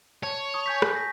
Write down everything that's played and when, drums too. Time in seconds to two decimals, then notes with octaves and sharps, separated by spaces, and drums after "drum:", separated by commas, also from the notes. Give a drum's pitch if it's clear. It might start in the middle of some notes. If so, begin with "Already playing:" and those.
0.23 C#5 A5
0.54 A5 C#6 D#6
0.66 G#5 G6 B6
0.82 drum: rim click
0.93 G6 A#6 B6